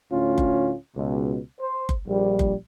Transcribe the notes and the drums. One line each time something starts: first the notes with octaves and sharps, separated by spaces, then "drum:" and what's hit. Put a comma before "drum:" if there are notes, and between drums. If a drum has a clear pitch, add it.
D2 A2 C#4 F4
drum: kick F#1
C#2 B2
C5
drum: kick F#1
A#1 G3
drum: kick F#1